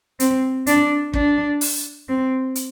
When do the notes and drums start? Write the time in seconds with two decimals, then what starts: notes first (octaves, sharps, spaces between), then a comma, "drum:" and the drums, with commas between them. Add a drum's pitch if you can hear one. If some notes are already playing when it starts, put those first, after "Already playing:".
0.20 C4, drum: hi-hat
0.67 D4, drum: hi-hat
1.14 D4, drum: kick
1.61 drum: open hi-hat
2.08 C4
2.55 drum: hi-hat